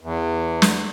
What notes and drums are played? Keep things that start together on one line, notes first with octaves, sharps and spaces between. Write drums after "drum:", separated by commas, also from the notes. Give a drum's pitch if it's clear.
E2
drum: snare